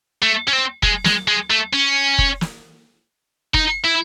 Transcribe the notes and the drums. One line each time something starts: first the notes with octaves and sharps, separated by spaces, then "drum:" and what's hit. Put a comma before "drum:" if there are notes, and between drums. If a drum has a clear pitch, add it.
A3
C#4
C4
G#3, drum: kick F1
G#3, drum: snare
G#3
A3
C#4
drum: kick F1
drum: snare
D#4, drum: kick F1
E4